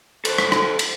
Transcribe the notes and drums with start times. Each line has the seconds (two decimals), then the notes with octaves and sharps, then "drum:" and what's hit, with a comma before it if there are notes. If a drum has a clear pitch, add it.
0.25 A4 C5, drum: cymbal
0.38 drum: rim click
0.52 drum: rim click
0.79 drum: cymbal